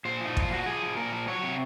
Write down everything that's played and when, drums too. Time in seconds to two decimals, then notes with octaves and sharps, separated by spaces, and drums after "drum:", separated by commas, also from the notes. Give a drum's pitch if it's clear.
0.05 A#2 C5
0.21 F3 D#4
0.37 A#2 F4, drum: kick
0.52 F3 F#4
0.66 F3 G#4
0.82 F3
0.97 A#2 A#4
1.12 F3
1.28 F#3 C#5
1.42 C3